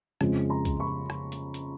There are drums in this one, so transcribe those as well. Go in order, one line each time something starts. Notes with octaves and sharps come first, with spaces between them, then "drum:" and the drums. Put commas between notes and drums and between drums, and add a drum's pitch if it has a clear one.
F2 C#3 F3 G#3, drum: rim click
A#5 C6
drum: kick C2, hi-hat
B5 C#6
drum: rim click
drum: hi-hat
drum: hi-hat